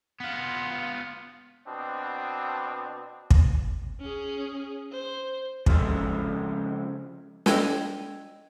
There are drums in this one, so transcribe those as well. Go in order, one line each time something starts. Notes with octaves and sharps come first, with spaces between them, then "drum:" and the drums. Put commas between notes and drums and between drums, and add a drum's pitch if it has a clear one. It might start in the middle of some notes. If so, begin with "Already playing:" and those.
B3 F4
B2 C4 D4
drum: kick
C#4 G#4
C5
C#3 F3 G#3 C4 F4 A4, drum: kick
D#5 G5 E6 G#6 D#7 G7, drum: snare